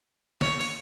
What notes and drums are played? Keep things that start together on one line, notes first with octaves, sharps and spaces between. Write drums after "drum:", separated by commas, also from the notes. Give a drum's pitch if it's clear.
C#5, drum: snare
drum: open hi-hat